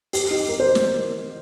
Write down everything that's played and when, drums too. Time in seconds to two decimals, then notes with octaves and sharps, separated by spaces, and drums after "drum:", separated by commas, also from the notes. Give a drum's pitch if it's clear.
0.13 G4, drum: open hi-hat
0.31 D#4
0.48 A#4
0.60 C5
0.75 drum: snare